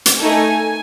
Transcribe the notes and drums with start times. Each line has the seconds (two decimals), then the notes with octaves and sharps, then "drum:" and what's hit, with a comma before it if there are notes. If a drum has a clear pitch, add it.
0.06 drum: hi-hat
0.21 A3 D#4 A4 G#5